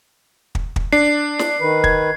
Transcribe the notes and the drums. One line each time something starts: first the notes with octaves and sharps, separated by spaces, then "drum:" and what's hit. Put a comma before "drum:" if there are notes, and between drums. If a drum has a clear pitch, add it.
drum: kick
drum: kick
D4 C7
drum: snare
D#3 B4
G#6, drum: kick